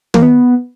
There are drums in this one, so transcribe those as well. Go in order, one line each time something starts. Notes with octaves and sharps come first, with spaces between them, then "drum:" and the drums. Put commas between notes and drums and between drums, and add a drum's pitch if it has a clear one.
A#3, drum: tom
B3